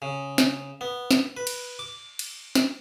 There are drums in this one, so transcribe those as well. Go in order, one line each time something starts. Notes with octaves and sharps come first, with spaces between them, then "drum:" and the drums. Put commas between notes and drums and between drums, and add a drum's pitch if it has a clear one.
C#3
drum: snare
B3
drum: snare
B4
drum: cymbal
D6
drum: cymbal
drum: snare